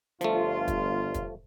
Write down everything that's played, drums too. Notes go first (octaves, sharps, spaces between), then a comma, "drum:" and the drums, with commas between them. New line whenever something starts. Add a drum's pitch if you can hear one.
G1 F3 A3 F4, drum: hi-hat
drum: kick, hi-hat
drum: kick, hi-hat